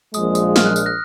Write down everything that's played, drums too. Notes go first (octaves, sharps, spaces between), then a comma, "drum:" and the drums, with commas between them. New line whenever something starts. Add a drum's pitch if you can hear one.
A#1 A#2 F3 G#3 D#6, drum: tambourine
D#6, drum: tambourine
F6, drum: snare
F#6
drum: tambourine
F#6 A#6